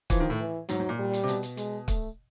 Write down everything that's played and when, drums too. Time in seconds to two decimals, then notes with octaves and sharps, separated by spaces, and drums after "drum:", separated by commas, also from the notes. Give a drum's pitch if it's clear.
0.10 E3 F3, drum: kick, hi-hat
0.20 D#3
0.30 A2
0.40 E3
0.69 G#2 F#3, drum: hi-hat
0.80 G#2
0.89 A#2
0.99 G3
1.13 drum: hi-hat
1.23 C3
1.28 B2, drum: hi-hat
1.43 drum: hi-hat
1.57 G#3, drum: hi-hat
1.88 A3, drum: kick, hi-hat